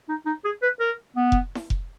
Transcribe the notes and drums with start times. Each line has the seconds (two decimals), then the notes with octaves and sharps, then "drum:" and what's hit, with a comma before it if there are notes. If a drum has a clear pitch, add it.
0.09 D#4
0.26 D#4
0.45 G#4
0.62 B4
0.80 A#4
1.16 B3
1.32 drum: kick F1
1.55 drum: snare E4
1.70 drum: kick F1